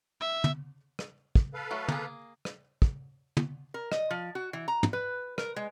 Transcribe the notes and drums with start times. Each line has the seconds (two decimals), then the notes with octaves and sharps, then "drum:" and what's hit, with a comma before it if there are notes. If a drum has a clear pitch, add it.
0.20 E5
0.44 drum: tom
0.99 drum: rim click
1.35 drum: kick
1.54 A4 B4 F5
1.71 F#3 A3
1.88 A#3 G#4, drum: tom
2.45 drum: rim click
2.82 drum: kick
3.37 drum: tom
3.74 A#4
3.92 D#5, drum: rim click
4.11 F3
4.35 F#4
4.53 E3
4.68 A#5
4.83 drum: tom
4.93 B4
5.38 A#4, drum: rim click
5.56 G#3